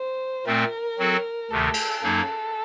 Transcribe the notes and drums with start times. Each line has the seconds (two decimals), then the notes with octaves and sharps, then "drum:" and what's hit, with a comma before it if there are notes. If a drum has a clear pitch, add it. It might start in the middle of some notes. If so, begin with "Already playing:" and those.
Already playing: C5
0.45 A#2 A3 C4 A#4
0.98 F#3 C4 F#4 A4
1.51 D2 C3 D#3 A3 A4
1.74 drum: cymbal
2.03 F#2 F#3 A#3 D#4 A4